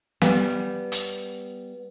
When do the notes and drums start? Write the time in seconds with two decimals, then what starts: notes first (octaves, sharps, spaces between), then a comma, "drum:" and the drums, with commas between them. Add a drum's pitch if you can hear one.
0.22 G3 B3, drum: snare
0.92 drum: hi-hat